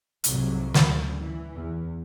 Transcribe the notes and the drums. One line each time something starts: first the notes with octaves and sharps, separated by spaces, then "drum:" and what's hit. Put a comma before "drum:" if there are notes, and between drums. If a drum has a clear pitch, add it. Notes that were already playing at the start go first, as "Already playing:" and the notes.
C2 F2 G#2 C3 F#3, drum: hi-hat
D2 C#3, drum: snare
E3
E2